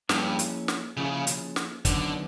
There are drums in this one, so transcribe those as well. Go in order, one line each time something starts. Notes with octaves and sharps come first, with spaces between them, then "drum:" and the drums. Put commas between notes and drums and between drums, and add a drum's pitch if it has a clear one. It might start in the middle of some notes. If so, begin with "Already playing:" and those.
G2 F3 A#3 C#4 E4 G#4, drum: snare
drum: hi-hat
drum: snare
C#3 F3 A#3 C#4 E4 G#4
drum: hi-hat
drum: snare
F#2 D3 D#3 F#3 B3, drum: kick, hi-hat